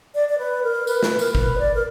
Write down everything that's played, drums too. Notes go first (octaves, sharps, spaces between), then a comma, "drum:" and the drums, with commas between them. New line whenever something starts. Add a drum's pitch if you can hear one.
D5
D5
B4
A#4
B4, drum: tambourine
B4, drum: snare
A#4, drum: tambourine
B4, drum: kick
D5
A#4